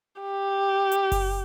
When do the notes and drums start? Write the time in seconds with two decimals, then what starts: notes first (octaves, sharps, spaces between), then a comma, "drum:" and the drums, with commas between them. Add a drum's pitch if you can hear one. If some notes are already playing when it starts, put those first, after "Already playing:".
0.21 G4
0.92 drum: hi-hat
1.12 drum: kick F#1, open hi-hat